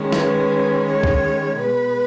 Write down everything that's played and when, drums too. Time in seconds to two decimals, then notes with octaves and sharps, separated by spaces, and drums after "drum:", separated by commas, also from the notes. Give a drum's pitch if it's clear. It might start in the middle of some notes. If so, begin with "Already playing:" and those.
Already playing: D#3 G#3 C#4
0.12 B4, drum: snare
0.86 C#5
1.03 drum: kick C2
1.58 B2 G#3 B3 B4